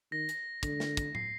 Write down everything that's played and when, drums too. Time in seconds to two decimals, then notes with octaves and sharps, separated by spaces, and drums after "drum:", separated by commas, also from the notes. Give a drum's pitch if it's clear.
0.12 D#3 A#6
0.29 drum: hi-hat
0.63 D3, drum: kick, hi-hat
0.80 drum: snare
0.97 drum: kick, hi-hat
1.15 C7, drum: tom A2